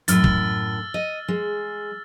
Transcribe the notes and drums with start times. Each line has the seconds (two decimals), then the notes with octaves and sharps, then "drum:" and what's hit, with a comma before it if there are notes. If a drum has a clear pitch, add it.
0.08 F#2 A2 E6 F6 A6, drum: hi-hat
0.24 drum: kick
0.94 D#5
1.28 G#3